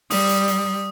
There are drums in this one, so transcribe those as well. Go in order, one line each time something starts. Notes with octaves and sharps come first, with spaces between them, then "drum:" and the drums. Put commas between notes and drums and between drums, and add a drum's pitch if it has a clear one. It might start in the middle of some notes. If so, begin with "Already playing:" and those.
G3 D#6, drum: open hi-hat
drum: hi-hat
drum: hi-hat